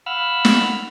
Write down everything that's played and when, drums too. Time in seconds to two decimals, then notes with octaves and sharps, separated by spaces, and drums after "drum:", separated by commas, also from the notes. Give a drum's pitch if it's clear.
0.06 F5 F#5 B5 E6 F6
0.45 drum: snare